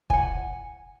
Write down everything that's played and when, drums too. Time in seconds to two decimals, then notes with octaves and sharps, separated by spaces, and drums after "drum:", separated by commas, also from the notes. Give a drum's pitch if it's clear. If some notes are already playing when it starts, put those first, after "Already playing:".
0.10 F#5 G#5, drum: kick